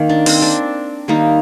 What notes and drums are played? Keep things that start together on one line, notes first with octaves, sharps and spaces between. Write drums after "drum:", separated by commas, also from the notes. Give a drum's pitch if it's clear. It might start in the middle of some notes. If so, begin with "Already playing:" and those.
Already playing: D#3 A#3
D4
C4, drum: open hi-hat
D4
D#3 G3 A#3 D#4